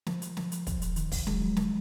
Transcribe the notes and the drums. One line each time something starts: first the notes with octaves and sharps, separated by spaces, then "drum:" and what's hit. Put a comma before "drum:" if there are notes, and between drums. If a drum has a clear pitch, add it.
F3, drum: snare
drum: hi-hat
drum: snare
drum: hi-hat
drum: kick, hi-hat
drum: hi-hat
D#3, drum: hi-hat
drum: kick, open hi-hat
G#3, drum: snare
F#3
F3
drum: snare